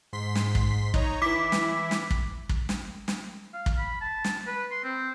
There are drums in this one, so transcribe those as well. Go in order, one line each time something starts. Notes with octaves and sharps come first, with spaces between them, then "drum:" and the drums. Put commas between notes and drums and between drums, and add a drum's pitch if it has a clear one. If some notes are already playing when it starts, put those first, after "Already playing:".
G#2 C6 B6
drum: snare
drum: kick
D#4 C#5 A#5, drum: kick
E3 E4 D6 B6
drum: snare
drum: snare
drum: kick
drum: kick
drum: snare
drum: snare
F5
drum: kick
B5
A5
drum: snare
B4
C6
C4